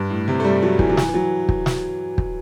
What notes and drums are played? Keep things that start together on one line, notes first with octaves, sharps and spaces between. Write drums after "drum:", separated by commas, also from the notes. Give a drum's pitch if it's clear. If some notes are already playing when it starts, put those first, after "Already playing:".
Already playing: G2
A2
C3
A3
G3
F#3
E3, drum: kick
F#3
E3, drum: snare
E3
F#3
drum: kick
drum: snare
drum: kick